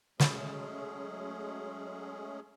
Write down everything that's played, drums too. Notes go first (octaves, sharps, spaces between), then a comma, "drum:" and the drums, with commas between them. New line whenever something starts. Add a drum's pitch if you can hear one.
F#3 G#3 A3 C#4 G#4, drum: snare